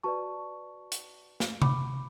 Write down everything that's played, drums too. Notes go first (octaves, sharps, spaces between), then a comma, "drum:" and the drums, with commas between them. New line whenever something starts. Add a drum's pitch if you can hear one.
F#4 B4 D5 A5 C#6
drum: hi-hat
drum: snare
B5 D6, drum: tom C3